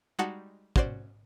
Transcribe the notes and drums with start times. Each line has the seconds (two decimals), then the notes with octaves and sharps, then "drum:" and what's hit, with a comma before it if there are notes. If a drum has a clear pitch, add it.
0.19 G3 G#3 D#4 F#4 F#5 A5
0.76 C#4 F#4 C5 D5, drum: kick